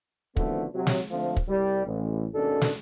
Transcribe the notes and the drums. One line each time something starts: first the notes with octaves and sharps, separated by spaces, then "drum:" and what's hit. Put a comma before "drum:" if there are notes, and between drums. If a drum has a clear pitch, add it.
B2 D3 D#3 F3 A3 C4, drum: kick
C3 F#3
drum: snare
D3 F3 A3 C4
drum: kick
C2 G3
A1
G#1 D#2 B2 C#4 D4 A4
drum: snare